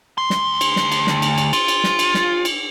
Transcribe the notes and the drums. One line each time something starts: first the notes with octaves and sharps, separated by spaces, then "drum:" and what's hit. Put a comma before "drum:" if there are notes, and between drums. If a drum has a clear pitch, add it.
D2 C6
drum: snare
drum: cymbal
drum: snare
drum: cymbal
drum: snare
drum: cymbal
drum: cymbal
F4, drum: cymbal
drum: cymbal
drum: snare
drum: cymbal
drum: snare
drum: cymbal